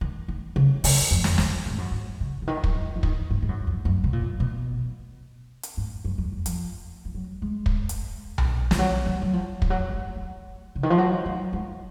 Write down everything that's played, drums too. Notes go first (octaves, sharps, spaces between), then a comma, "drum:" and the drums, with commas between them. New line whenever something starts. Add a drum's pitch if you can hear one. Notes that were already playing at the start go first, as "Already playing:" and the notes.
D#3
D#3
C#3
C#3, drum: open hi-hat
F2
drum: snare
F2, drum: snare
G#2
F#2
G#2
C#3
C#3
D#3
F#3, drum: kick
F3
F3
D#3, drum: kick
G#2
G#2
F#2
F2
F#2
B2
A#2
B2
drum: hi-hat
G#2
F#2
F2
F#2
F3, drum: hi-hat
F3
F#3
G#3
drum: kick
drum: hi-hat
drum: tom B1
F3, drum: snare
F#3
F#3
F#3
F3
F3, drum: kick
F#3
G#3
G#3
C#3
D#3
F3
F#3
F#3
G#3